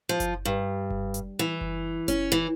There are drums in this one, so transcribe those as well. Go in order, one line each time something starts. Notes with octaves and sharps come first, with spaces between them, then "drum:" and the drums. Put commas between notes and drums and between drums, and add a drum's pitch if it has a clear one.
F3
drum: kick F#1, hi-hat
G2
drum: kick F#1
drum: hi-hat
E3
drum: kick F#1
C#4, drum: kick F#1, hi-hat
E3